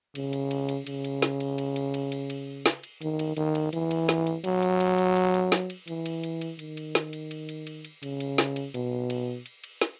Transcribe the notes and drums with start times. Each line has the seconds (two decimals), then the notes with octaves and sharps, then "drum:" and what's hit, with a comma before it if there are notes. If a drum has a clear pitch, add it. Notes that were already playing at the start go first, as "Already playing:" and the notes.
0.15 C#3, drum: cymbal
0.33 drum: cymbal
0.51 drum: cymbal
0.69 drum: cymbal
0.87 C#3, drum: cymbal
1.05 drum: cymbal
1.22 drum: snare
1.40 drum: cymbal
1.58 drum: cymbal
1.76 drum: cymbal
1.94 drum: cymbal
2.12 drum: cymbal
2.30 drum: cymbal
2.66 drum: snare
2.83 drum: cymbal
3.02 D#3, drum: cymbal
3.19 drum: cymbal
3.37 D#3, drum: cymbal
3.55 drum: cymbal
3.73 E3, drum: cymbal
3.91 drum: cymbal
4.09 drum: snare
4.27 drum: cymbal
4.44 F#3, drum: cymbal
4.62 drum: cymbal
4.80 drum: cymbal
4.98 drum: cymbal
5.16 drum: cymbal
5.34 drum: cymbal
5.52 drum: snare
5.70 drum: cymbal
5.88 E3, drum: cymbal
6.06 drum: cymbal
6.24 drum: cymbal
6.41 drum: cymbal
6.59 D#3, drum: cymbal
6.77 drum: cymbal
6.95 drum: snare
7.13 drum: cymbal
7.31 drum: cymbal
7.49 drum: cymbal
7.67 drum: cymbal
7.85 drum: cymbal
8.03 C#3, drum: cymbal
8.20 drum: cymbal
8.38 drum: snare
8.56 drum: cymbal
8.74 B2, drum: cymbal
9.10 drum: cymbal
9.46 drum: cymbal
9.64 drum: cymbal
9.81 drum: snare